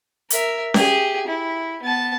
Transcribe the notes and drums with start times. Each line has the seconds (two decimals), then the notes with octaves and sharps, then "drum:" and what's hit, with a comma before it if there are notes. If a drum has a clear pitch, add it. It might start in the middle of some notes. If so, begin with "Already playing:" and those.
0.30 A#4 E5, drum: hi-hat
0.74 G4 G#4, drum: snare C#4
1.27 E4
1.82 B3 A5